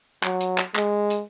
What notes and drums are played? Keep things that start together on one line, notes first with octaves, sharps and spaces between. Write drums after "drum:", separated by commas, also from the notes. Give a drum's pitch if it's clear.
F#3, drum: clap
drum: hi-hat
drum: clap
G#3, drum: clap
drum: hi-hat